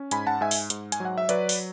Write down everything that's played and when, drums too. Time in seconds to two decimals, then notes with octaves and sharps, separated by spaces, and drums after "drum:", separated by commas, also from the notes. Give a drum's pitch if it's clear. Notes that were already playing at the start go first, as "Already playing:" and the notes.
Already playing: C#4
0.11 G#2 G#5 B5, drum: hi-hat
0.27 F#5 A5
0.41 G#2 E5 G#5
0.51 drum: open hi-hat
0.70 G#2, drum: hi-hat
0.92 G#5, drum: hi-hat
1.00 F#3
1.05 F#5
1.18 E5
1.29 F#3 B4 D5, drum: hi-hat
1.49 drum: open hi-hat